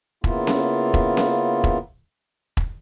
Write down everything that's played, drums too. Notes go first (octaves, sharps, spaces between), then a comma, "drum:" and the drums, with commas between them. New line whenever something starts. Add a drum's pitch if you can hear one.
C#3 A#3 B3 E4 F4, drum: kick E1
drum: snare C#4
drum: kick E1
drum: snare C#4
drum: kick E1
drum: kick E1